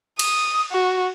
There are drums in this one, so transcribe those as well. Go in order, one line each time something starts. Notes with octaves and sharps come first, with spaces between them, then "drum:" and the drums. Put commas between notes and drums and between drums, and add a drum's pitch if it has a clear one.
D#6, drum: cymbal
F#4